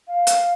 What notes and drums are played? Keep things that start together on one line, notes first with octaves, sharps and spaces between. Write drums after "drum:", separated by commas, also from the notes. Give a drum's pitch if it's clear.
F5
drum: hi-hat